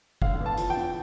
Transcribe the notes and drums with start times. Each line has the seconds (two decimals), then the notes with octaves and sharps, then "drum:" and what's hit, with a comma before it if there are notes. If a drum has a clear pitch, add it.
0.22 D3 F5, drum: kick
0.40 E2
0.46 A5
0.57 F3, drum: hi-hat
0.70 G5
0.77 E2